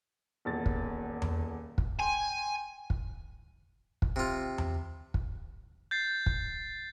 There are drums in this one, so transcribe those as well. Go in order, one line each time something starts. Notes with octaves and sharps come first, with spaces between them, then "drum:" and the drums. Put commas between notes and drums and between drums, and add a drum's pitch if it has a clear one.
D#1 E2 A6
drum: kick
drum: tom E2
drum: kick
G5 G#5 C6
drum: kick
drum: kick
C3 F4
drum: tom E2
drum: kick
G6 A6 C7
drum: kick